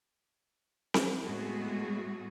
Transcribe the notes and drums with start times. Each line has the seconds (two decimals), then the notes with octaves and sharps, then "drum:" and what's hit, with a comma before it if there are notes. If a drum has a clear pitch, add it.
0.94 drum: snare C4
1.23 A2 G3 G#3 B3 F#4 G#4